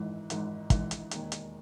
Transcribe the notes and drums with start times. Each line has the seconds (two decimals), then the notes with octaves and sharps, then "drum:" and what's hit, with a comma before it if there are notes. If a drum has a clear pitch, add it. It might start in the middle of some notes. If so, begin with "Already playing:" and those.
Already playing: G#1 G#2 E3
0.30 G#1 G#2 E3, drum: hi-hat
0.70 G#1 G#2 E3, drum: kick, hi-hat
0.91 drum: hi-hat
1.11 E1 D#2 D#3, drum: hi-hat
1.32 drum: hi-hat